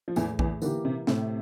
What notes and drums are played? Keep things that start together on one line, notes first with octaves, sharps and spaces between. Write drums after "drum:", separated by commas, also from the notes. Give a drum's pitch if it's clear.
F3
E2 A2 E3, drum: tambourine
E2 E3, drum: kick A#1
D3 E3 A#3 E4 G4, drum: tambourine
C3
A2 C3, drum: snare